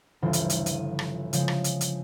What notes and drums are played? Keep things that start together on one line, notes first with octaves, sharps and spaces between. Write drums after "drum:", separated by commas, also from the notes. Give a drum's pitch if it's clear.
G1 D2 C#3 E3 F3 F4
drum: hi-hat
drum: hi-hat
D#7, drum: hi-hat
drum: rim click
C#3 F3 G#3, drum: hi-hat
drum: rim click
drum: hi-hat
drum: hi-hat